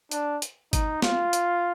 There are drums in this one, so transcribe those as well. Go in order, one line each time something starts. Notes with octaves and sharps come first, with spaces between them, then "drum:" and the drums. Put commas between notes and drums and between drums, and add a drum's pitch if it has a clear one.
D4, drum: hi-hat
drum: hi-hat
D#4, drum: kick G1, hi-hat
F4, drum: snare
drum: hi-hat